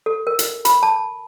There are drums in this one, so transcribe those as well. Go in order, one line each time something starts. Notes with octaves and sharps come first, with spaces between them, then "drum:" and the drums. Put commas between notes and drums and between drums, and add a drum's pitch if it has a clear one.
A4
A#4
drum: hi-hat
B5, drum: hi-hat
A5